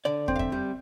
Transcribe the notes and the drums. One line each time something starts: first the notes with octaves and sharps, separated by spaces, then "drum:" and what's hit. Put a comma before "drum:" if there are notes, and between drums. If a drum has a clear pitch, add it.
D3 D5
C4, drum: kick
F5
E5, drum: kick
G3